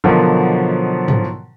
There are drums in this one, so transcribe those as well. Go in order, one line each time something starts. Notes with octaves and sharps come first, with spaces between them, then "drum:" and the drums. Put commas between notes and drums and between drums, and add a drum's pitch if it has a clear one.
B2 D3 D#3 F3 F#3
drum: tom G#2